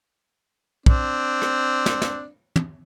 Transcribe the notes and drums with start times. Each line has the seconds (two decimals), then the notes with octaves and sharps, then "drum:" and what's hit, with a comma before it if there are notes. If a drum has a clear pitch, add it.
0.86 C4 D4, drum: kick
1.42 drum: rim click
1.86 drum: snare
2.02 drum: snare
2.56 drum: tom